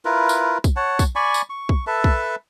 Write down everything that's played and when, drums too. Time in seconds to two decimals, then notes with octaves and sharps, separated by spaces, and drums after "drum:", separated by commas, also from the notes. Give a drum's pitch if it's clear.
0.05 E4 F4 A#4 B4
0.29 drum: tambourine
0.64 drum: kick, tambourine
0.76 C#5 F#5 A5
0.99 drum: kick, tambourine
1.15 D5 G#5 B5 C#6
1.34 drum: tambourine
1.50 C#6
1.69 drum: kick
1.87 A4 B4 E5 A5
2.04 drum: kick